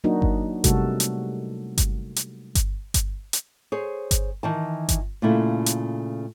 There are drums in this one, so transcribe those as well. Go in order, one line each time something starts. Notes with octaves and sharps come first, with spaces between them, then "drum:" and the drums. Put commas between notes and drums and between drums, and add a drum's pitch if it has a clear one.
F#3 A#3 D4 D#4 F#4
drum: kick G1
C3 G3 A3 F#4 A4, drum: kick G1, hi-hat
drum: hi-hat
drum: kick G1, hi-hat
drum: hi-hat
drum: kick G1, hi-hat
drum: kick G1, hi-hat
drum: hi-hat
G#4 C5 C#5
drum: kick G1, hi-hat
D#3 E3 A5
drum: kick G1, hi-hat
A#2 C#3 A3 E4
drum: hi-hat